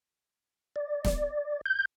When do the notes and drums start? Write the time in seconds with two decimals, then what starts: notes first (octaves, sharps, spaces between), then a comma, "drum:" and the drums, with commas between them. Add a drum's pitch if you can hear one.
0.76 D5
1.05 drum: snare
1.66 G6